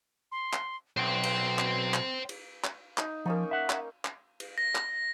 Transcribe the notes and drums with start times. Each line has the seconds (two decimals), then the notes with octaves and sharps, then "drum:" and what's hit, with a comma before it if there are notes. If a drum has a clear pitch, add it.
0.32 C6
0.53 drum: clap
0.97 B1 C5 G5 C6
1.24 drum: cymbal
1.59 drum: clap
1.94 drum: clap
2.29 drum: cymbal
2.64 drum: clap
2.98 D#4, drum: clap
3.26 F3 A#3 C#4 D#4
3.51 E5 F#5
3.70 drum: clap
4.05 drum: clap
4.40 drum: cymbal
4.58 A#6
4.75 drum: clap